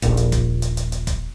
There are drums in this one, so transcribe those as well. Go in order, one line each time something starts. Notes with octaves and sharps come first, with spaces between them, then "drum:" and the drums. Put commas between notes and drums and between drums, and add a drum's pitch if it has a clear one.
D#1 A#1, drum: hi-hat
drum: hi-hat
drum: kick, hi-hat
drum: hi-hat
drum: hi-hat
drum: hi-hat
drum: kick, hi-hat